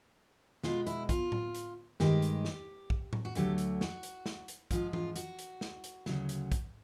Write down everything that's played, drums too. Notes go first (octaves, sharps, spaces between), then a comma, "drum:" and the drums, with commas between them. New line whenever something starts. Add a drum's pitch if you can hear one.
B2 G#3 F4, drum: snare
E4, drum: hi-hat
F4, drum: kick A#1, hi-hat
drum: tom A2
drum: hi-hat
G2 D#3 G#3 G4, drum: snare
drum: hi-hat
drum: snare
drum: kick A#1
drum: tom A2
F#4
D2 D3 F#3 A3 G4, drum: hi-hat
drum: hi-hat
F#4, drum: snare
drum: hi-hat
drum: snare
drum: hi-hat
G#2 F3 G#3 F4, drum: kick A#1, hi-hat
F4, drum: tom E3
F#4, drum: hi-hat
drum: hi-hat
drum: snare
drum: hi-hat
D2 C#3 F#3, drum: snare
drum: hi-hat
drum: kick A#1, hi-hat